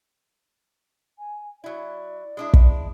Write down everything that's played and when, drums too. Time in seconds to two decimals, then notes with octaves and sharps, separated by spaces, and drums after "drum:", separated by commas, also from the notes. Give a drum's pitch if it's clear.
1.19 G#5
1.64 F#3 E4 D5
2.37 G#3 D4 E4
2.54 drum: kick